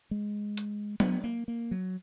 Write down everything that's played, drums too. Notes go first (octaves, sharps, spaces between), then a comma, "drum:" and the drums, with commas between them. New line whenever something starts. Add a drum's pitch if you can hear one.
G#3
drum: hi-hat
B3, drum: tom F#3
A#3
A#3
F#3